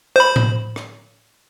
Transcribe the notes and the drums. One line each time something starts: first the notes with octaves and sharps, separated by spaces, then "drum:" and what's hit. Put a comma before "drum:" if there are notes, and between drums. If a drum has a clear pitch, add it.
C5 B5
drum: tom A2
drum: rim click